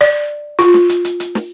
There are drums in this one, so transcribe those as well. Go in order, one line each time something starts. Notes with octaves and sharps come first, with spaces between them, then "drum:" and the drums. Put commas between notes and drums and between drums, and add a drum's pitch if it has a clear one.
D5
F4, drum: hi-hat
drum: snare
drum: hi-hat
drum: hi-hat
drum: hi-hat
drum: snare